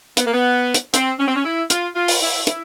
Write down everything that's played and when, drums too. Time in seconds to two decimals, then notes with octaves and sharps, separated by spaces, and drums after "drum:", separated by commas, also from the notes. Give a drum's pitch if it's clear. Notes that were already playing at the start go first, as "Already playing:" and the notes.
0.17 B3, drum: hi-hat
0.26 A#3
0.33 B3
0.74 drum: hi-hat
0.94 C4, drum: hi-hat
1.19 C#4
1.27 C4
1.36 C#4
1.44 E4
1.70 F4, drum: hi-hat
1.95 F4
2.08 drum: open hi-hat
2.21 E4
2.47 E4, drum: hi-hat